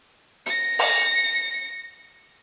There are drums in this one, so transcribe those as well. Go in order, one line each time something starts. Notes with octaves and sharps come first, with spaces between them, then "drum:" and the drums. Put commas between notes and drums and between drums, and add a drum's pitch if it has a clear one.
A#6 C#7, drum: hi-hat
drum: open hi-hat